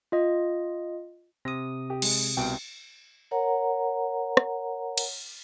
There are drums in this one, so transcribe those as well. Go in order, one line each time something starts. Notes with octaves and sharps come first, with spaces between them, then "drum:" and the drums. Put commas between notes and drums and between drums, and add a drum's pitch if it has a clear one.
F4 D#5
C3 D#6 A#6
G4
G#3, drum: cymbal
C2 B2 G5
A#4 C#5 F#5 A#5
drum: rim click
drum: cymbal